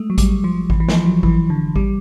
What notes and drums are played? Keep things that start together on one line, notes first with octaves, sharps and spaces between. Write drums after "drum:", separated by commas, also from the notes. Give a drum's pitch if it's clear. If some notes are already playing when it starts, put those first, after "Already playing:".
Already playing: G#3 A3
F#3
G3, drum: kick G#1, hi-hat
F3
E3, drum: kick G#1
E3
F3, drum: snare
F#3
E3, drum: kick G#1
D3
G3, drum: kick G#1